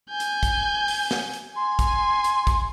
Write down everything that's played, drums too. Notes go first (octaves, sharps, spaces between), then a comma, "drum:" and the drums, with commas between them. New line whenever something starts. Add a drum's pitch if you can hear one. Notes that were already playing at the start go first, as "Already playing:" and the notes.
G#5 G6
drum: hi-hat
drum: kick, hi-hat
drum: open hi-hat
drum: snare
drum: hi-hat
G#5 C6
drum: kick, hi-hat
drum: hi-hat
drum: kick, hi-hat